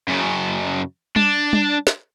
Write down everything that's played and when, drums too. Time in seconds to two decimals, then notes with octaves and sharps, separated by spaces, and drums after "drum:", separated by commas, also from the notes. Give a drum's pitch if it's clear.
0.08 F#2 C#3
1.16 D4, drum: tom G3
1.53 drum: tom G3
1.87 drum: snare